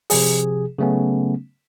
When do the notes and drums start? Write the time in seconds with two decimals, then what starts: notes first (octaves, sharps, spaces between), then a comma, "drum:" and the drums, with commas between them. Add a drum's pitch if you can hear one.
0.10 C3 F3 G#4, drum: open hi-hat
0.78 C#3 F#3 A3 B3 C#4